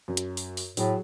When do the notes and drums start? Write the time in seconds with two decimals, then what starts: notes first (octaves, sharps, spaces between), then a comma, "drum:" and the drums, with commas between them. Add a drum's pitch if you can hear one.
0.08 F#2
0.17 drum: hi-hat
0.37 drum: open hi-hat
0.57 drum: open hi-hat
0.77 A2 F#3 G#4, drum: open hi-hat